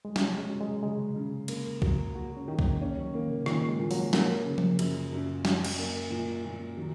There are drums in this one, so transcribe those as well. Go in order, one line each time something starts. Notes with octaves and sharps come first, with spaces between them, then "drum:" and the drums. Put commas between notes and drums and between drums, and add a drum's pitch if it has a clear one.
G#3
F#3 C#4, drum: snare
G#3
F#3
G#3
C#3 G#3
C#3
A#3, drum: cymbal
F#3, drum: kick C2
A#3 F#4
C#4
D#3
A#3, drum: kick C2
A#3 C#4
F#3
D#3 A#3
C#3
A#2 D#3, drum: rim click
G#3
A#2
F#3, drum: open hi-hat
F#3 A#3, drum: snare
C#3
drum: tom F3
F#2, drum: cymbal
F#2
F#3 F#4, drum: snare
drum: cymbal
A#3
A#2
A#2
D#3 F#3